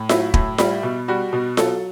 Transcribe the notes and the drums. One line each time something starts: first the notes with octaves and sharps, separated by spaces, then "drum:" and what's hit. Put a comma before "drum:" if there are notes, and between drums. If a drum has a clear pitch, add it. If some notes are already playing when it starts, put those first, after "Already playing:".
Already playing: A2
F#3 E4, drum: snare F4
A2, drum: kick
G3, drum: snare F4
B2
G3 F#4
B2
F#3 A4, drum: snare F4